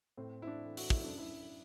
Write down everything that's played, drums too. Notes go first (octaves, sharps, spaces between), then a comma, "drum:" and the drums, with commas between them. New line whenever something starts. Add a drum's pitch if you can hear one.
A2 C4
E4
D4
E3
F#4, drum: open hi-hat
E4, drum: kick
F#2 D4
E4